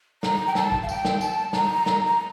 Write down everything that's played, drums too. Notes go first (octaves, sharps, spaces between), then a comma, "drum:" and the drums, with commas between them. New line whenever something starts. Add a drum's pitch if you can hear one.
A#5, drum: snare
G5
A5, drum: snare
drum: kick
F5
G5, drum: tambourine
drum: snare
A5, drum: tambourine
A#5, drum: snare
drum: snare
A#5